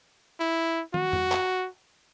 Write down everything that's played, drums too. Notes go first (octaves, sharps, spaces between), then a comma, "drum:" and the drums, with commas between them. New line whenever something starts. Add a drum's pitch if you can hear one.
E4
F#4, drum: tom
drum: tom
drum: clap